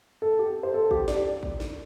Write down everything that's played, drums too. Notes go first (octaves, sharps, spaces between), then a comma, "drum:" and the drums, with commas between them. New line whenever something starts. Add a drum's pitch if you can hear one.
A4
G4
C5
A4
G4, drum: kick A1
D5, drum: snare
drum: kick A1
drum: snare